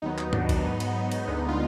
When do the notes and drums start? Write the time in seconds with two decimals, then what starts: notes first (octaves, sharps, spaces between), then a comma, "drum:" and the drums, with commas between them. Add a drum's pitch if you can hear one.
0.02 D#2 D#3 F#3 B3 D#4
0.18 D#4, drum: clap
0.33 D4, drum: tom G#2
0.49 D4, drum: kick A#1, cymbal
0.65 G#2 F#3 B3 D#4
0.80 drum: cymbal
1.12 drum: cymbal
1.27 D2 D3 G#3 B3 D#4
1.37 D#4
1.48 F4